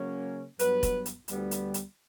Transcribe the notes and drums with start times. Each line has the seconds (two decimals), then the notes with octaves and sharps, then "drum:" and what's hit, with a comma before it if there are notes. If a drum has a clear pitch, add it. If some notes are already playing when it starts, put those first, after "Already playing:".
Already playing: C#3 F#3 A#3 C#4
0.59 G2 F#3 B3 B4, drum: hi-hat
0.83 drum: kick F1, hi-hat
1.06 drum: hi-hat
1.28 D2 D3 G3 B3, drum: hi-hat
1.51 drum: hi-hat
1.74 drum: hi-hat